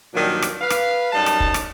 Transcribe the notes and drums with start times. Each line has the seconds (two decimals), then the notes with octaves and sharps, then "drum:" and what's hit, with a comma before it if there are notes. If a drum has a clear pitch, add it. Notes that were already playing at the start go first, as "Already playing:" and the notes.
0.14 G2 A#2 D#3 F#3 D4
0.42 drum: rim click
0.61 B4 F5
0.70 drum: rim click
1.13 F#2 G3 D#4 A5
1.26 drum: rim click
1.40 drum: kick
1.54 drum: rim click